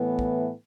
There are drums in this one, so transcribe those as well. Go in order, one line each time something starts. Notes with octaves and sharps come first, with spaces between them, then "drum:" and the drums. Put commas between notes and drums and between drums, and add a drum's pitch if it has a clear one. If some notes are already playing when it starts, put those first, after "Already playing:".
Already playing: A2 E3 B3
drum: kick